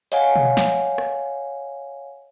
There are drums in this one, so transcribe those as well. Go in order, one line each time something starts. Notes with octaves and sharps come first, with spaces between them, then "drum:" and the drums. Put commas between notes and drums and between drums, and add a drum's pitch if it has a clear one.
C#5 D#5 F5 F#5 G#5, drum: hi-hat
drum: tom B2
drum: snare
drum: rim click